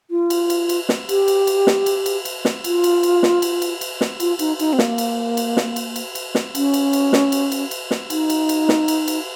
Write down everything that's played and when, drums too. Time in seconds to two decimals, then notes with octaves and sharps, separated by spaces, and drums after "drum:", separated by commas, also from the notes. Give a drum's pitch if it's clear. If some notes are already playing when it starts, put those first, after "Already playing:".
0.10 F4
0.30 drum: cymbal
0.50 drum: cymbal
0.69 drum: cymbal
0.89 drum: snare
1.09 G4, drum: cymbal
1.28 drum: cymbal
1.47 drum: cymbal
1.67 drum: snare
1.86 drum: cymbal
2.06 drum: cymbal
2.25 drum: cymbal
2.45 drum: snare
2.64 F4, drum: cymbal
2.84 drum: cymbal
3.03 drum: cymbal
3.23 drum: snare
3.42 drum: cymbal
3.62 drum: cymbal
3.81 drum: cymbal
4.01 drum: snare
4.20 F4, drum: cymbal
4.39 D#4, drum: cymbal
4.59 D#4, drum: cymbal
4.73 C4
4.79 A#3, drum: snare
4.98 drum: cymbal
5.37 drum: cymbal
5.57 drum: snare
5.76 drum: cymbal
5.96 drum: cymbal
6.15 drum: cymbal
6.35 drum: snare
6.55 C#4, drum: cymbal
6.74 drum: cymbal
6.93 drum: cymbal
7.13 drum: snare
7.32 drum: cymbal
7.52 drum: cymbal
7.71 drum: cymbal
7.91 drum: snare
8.10 D#4, drum: cymbal
8.30 drum: cymbal
8.49 drum: cymbal
8.69 drum: snare
8.88 drum: cymbal
9.08 drum: cymbal